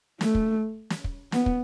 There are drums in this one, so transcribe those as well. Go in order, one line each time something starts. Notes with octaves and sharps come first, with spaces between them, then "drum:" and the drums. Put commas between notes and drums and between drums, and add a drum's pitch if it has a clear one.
A3, drum: snare
drum: kick
drum: snare
drum: kick
B3, drum: snare
drum: kick